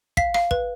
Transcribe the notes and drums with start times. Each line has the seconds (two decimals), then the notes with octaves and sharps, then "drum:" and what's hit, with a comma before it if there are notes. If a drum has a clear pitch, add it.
0.17 F5 B6, drum: kick
0.34 F5, drum: rim click
0.51 B4, drum: kick